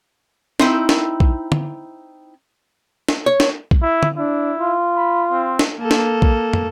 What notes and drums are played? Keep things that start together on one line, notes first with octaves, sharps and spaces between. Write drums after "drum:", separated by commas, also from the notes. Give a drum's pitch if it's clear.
C4 D#4 E4, drum: snare
drum: snare
drum: kick A#1
drum: tom
drum: snare
C#5
drum: snare
drum: kick A#1
E4
drum: tom
D4 E4
F4
B5
C4
drum: snare
A#3 A4
drum: snare
drum: kick A#1
drum: tom